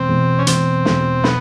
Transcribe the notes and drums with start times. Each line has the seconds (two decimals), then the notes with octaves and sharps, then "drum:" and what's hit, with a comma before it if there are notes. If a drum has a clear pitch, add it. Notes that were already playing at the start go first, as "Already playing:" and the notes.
Already playing: E1 C4
0.09 E2 B2
0.39 C#4
0.47 E1 C4, drum: hi-hat
0.85 E2 B2, drum: snare
1.24 B3, drum: snare